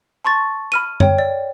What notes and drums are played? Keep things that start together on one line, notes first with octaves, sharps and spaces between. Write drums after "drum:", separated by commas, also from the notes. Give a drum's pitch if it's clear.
A5 C6 C#6 A6
B5 F6 D#7
C#5 G5, drum: tom F#2
D5